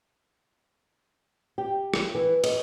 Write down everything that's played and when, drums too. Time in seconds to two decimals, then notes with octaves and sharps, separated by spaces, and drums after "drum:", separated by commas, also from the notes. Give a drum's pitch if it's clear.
1.58 G4
1.94 drum: rim click
2.15 E3
2.44 D#5, drum: cymbal